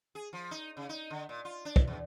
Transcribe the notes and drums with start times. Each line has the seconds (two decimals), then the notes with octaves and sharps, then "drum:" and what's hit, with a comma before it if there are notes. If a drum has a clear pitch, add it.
0.15 G#4
0.33 F3
0.51 D#4
0.77 C#3
0.89 D#4
1.10 D3
1.29 A#2
1.45 F4
1.65 D4
1.76 drum: kick
1.87 E2